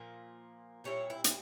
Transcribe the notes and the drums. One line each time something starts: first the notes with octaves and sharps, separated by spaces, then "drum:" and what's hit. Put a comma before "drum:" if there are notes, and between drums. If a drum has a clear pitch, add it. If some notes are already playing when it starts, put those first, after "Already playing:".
Already playing: A#2 F3 A#3
A#2 G3 C4 E4 C#5
E4
E4, drum: hi-hat